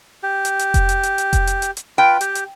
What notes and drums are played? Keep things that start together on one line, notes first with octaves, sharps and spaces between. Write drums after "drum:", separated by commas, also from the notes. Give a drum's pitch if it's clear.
G4
drum: hi-hat
drum: hi-hat
drum: kick F1, hi-hat
drum: hi-hat
drum: hi-hat
drum: hi-hat
drum: kick F1, hi-hat
drum: hi-hat
drum: hi-hat
drum: hi-hat
F4 B4 G5
G4, drum: hi-hat
drum: hi-hat